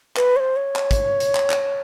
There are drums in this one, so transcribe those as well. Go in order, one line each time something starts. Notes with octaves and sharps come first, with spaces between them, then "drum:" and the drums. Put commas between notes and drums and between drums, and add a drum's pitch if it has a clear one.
B4, drum: clap
C#5
C5
C#5
drum: clap
drum: kick, hi-hat
drum: hi-hat
drum: clap
drum: clap